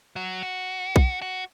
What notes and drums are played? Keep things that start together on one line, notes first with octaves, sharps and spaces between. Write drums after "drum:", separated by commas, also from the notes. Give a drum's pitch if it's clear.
F#3
F#4
drum: kick B1
F#4